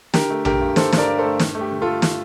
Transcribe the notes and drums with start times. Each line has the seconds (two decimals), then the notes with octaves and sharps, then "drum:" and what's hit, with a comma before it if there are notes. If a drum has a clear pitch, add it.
0.14 D3 G4 A#4, drum: snare
0.30 A3
0.45 D3 G4 A#4, drum: tom A#1
0.60 G2
0.76 D3 A4 C5, drum: snare
0.92 G2, drum: snare
0.97 A#4 D5
1.07 G2
1.18 A4 C5
1.24 A3
1.39 G2, drum: snare
1.55 A3
1.61 G4
1.71 D3
1.82 F4 A4
1.86 A3
2.02 drum: snare